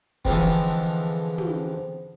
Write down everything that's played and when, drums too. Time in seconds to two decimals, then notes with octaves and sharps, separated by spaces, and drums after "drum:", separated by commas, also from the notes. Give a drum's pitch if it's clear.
0.25 D3 E3 F3 G#3 B3 C4, drum: kick
1.38 drum: tom